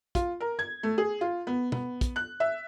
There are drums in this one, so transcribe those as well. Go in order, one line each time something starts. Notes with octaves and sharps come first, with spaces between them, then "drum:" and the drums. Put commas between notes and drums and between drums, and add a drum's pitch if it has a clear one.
F4, drum: kick, hi-hat
A#4
G#6
A3
G#4
F4
B3
B3, drum: tom
drum: kick, hi-hat
F#6
E5